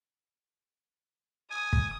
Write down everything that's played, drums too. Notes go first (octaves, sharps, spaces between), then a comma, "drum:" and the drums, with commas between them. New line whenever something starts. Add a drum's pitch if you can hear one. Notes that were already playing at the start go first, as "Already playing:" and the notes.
G#5 D#6
drum: kick